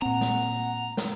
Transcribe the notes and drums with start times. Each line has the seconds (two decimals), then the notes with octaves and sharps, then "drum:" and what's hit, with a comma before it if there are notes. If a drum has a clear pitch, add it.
0.02 A#2 C4 F#5 A#5
0.21 drum: snare
0.97 drum: snare